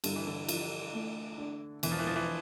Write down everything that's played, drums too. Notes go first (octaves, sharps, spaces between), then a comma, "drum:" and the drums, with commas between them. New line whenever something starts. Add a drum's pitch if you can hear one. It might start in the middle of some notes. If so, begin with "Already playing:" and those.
G2 D3, drum: cymbal
E3
D3
F3, drum: cymbal
A3
D4
E1 E3, drum: cymbal
F3
E3
F3
E3